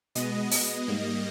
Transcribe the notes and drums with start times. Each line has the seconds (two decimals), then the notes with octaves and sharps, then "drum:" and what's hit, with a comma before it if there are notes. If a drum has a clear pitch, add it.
0.15 B2 G#3 B3 D#5, drum: hi-hat
0.52 drum: open hi-hat
0.88 G#2 G3 A#3